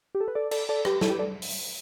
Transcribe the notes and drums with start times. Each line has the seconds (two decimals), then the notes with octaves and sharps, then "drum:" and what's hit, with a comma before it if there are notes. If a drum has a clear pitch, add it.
0.15 G4
0.20 A4
0.28 B4
0.35 A4 D5
0.51 A4 D5, drum: cymbal
0.69 A4 D5
0.85 G4 B4, drum: rim click
1.01 E4 A4, drum: snare
1.10 G4 B4
1.19 A4 D5
1.42 drum: open hi-hat